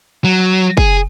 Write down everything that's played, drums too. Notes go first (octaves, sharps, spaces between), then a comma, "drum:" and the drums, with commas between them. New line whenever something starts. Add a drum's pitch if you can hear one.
F#3
G#4, drum: kick